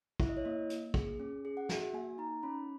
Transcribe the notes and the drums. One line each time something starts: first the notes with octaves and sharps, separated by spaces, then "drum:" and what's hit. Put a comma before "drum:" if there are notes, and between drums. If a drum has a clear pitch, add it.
E4 E5, drum: kick
D#5
C#5
A#3 D#5
A#3, drum: hi-hat
G#4, drum: kick
C#4
G#4
F#5
F#4 E5, drum: snare
A#3 G#5
D#4 A#5
C#4 B5